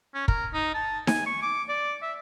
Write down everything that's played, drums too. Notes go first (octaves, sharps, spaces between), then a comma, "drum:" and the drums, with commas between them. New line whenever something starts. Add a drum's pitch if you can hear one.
C#4
A#4, drum: kick
D#4
A5
G#5, drum: snare D#4
C#6
D6
D5
E5